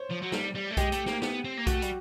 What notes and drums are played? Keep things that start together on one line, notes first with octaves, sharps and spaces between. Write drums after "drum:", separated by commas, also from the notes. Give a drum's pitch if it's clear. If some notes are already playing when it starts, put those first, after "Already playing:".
Already playing: C5 C#5
F3
F#3
G3, drum: snare
G3
A3
G#3 G4, drum: kick B1, hi-hat
A3, drum: hi-hat
A#3, drum: snare
B3, drum: snare
C4
A#3
A3 F#4, drum: kick B1, hi-hat
G3, drum: hi-hat